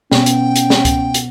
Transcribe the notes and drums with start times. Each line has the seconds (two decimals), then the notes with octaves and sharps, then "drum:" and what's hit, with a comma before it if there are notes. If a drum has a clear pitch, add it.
0.12 B2 B3 C#4 G5, drum: snare
0.26 drum: hi-hat
0.56 drum: hi-hat
0.70 drum: snare
0.85 drum: kick C#2, hi-hat
1.14 drum: hi-hat